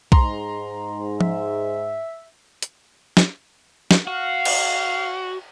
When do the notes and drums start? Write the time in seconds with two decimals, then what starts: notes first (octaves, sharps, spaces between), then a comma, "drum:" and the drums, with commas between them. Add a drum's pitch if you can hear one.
0.12 G#2 A#5 C6, drum: kick B1
1.21 E5, drum: tom F3
2.62 drum: hi-hat
3.17 drum: snare
3.91 drum: snare
4.07 F#4 F5
4.45 drum: cymbal